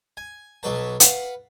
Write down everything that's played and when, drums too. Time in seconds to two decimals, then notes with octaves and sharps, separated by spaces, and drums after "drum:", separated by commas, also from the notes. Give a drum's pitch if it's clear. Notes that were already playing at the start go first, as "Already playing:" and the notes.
0.17 G#5
0.63 B1 B2 F#3 B4 A5
1.00 B4 F5 F#5, drum: hi-hat